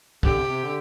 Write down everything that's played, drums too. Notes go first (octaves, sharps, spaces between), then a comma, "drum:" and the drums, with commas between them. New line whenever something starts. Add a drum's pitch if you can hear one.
D3 G4, drum: kick
C3
C3
D3